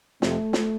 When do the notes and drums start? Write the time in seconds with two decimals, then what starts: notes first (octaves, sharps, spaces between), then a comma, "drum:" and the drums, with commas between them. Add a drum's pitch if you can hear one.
0.22 F2 C3 F3 A3, drum: snare
0.53 drum: snare